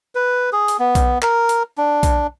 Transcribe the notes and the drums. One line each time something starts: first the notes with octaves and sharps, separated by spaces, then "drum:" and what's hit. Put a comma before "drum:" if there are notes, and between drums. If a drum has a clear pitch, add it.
B4
G#4
drum: hi-hat
B3
drum: kick B1, hi-hat
A#4, drum: clap
drum: hi-hat
D4
drum: kick B1, hi-hat